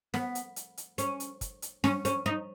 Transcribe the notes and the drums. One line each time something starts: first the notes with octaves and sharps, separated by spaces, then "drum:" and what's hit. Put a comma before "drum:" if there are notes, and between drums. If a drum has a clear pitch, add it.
B3, drum: snare
drum: hi-hat
drum: hi-hat
drum: hi-hat
C#4, drum: hi-hat
drum: hi-hat
drum: kick, hi-hat
drum: hi-hat
C#4, drum: snare
C#4, drum: hi-hat
D#4